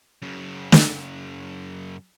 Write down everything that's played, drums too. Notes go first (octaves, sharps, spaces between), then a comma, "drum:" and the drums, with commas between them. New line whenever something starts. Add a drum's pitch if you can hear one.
F#2 C#3
drum: snare